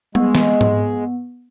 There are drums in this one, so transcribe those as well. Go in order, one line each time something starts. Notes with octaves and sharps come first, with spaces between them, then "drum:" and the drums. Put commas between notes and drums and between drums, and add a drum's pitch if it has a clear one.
G#3 B3, drum: tom G3
drum: snare
drum: tom G#2